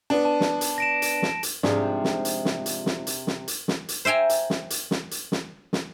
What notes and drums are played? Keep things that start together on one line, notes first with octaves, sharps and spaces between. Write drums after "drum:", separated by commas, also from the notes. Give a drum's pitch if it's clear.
B3 D4
A5
drum: snare
drum: hi-hat
A#6 D7 E7
drum: hi-hat
drum: snare
drum: hi-hat
G#2 C3 F3 D4 G#4, drum: snare
drum: snare
drum: hi-hat
drum: snare
drum: hi-hat
drum: snare
drum: hi-hat
drum: snare
drum: hi-hat
drum: snare
drum: hi-hat
C5 E5 G5 G#5 A#5
drum: hi-hat
drum: snare
drum: hi-hat
drum: snare
drum: hi-hat
drum: snare
drum: snare